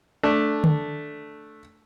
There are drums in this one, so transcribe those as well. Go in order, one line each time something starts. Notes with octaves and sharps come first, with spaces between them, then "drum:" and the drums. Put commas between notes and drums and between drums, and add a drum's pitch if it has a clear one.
A3 D4
drum: tom D3